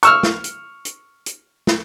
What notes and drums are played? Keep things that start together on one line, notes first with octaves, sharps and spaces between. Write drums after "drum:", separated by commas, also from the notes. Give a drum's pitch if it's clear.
C#6 E6 F6, drum: hi-hat
drum: snare
drum: hi-hat
drum: hi-hat
drum: hi-hat
drum: snare